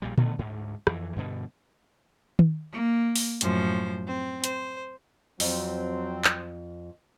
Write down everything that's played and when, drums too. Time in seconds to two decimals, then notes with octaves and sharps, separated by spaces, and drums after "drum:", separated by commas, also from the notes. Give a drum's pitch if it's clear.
0.02 A#1 A#2 G3
0.18 D3 D#3 A3 B3, drum: tom A#2
0.39 D2 G#2
0.87 F2 E3, drum: rim click
1.16 G2 B2 D3
2.39 drum: tom D#3
2.72 A#3
3.16 drum: open hi-hat
3.41 F#2 A2 F3 C5, drum: hi-hat
4.07 C4
4.44 C5, drum: hi-hat
5.40 F2 F#3 C4, drum: open hi-hat
6.25 drum: clap